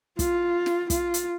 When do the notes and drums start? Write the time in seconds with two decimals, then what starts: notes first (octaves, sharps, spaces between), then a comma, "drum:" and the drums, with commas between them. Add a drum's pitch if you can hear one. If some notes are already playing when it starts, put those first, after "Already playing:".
0.19 F4, drum: kick, hi-hat
0.66 drum: snare
0.90 F4, drum: kick, hi-hat
1.14 drum: hi-hat